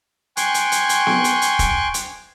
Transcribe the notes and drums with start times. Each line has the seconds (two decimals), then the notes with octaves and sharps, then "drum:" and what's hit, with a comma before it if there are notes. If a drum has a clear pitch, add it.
0.37 G5 G#5 C6 C#6 F#6, drum: hi-hat
0.54 drum: hi-hat
0.72 drum: hi-hat
0.89 drum: hi-hat
1.07 drum: snare B3
1.24 drum: hi-hat
1.42 drum: hi-hat
1.59 drum: kick, hi-hat
1.94 drum: hi-hat